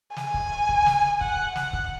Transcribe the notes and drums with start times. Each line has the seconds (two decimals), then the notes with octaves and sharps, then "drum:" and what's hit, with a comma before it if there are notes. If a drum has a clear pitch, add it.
0.16 G#5, drum: snare
0.34 drum: kick
0.69 drum: kick
0.86 drum: snare
1.21 F#5, drum: kick
1.56 F#5, drum: snare
1.73 drum: kick